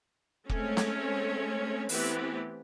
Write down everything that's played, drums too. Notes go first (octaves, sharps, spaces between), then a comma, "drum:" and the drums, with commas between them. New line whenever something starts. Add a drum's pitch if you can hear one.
G#3 A3 C4 C#4 A4 C#5, drum: kick
drum: snare
E3 A3 B3 C4 G4 B4, drum: open hi-hat